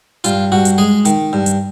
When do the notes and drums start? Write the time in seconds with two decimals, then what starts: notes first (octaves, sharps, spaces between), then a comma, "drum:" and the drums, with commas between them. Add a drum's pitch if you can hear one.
0.24 G2 F4, drum: hi-hat
0.52 G2 F#4
0.65 drum: hi-hat
0.78 G#3 G#4
1.05 D#3, drum: hi-hat
1.33 G2
1.46 drum: hi-hat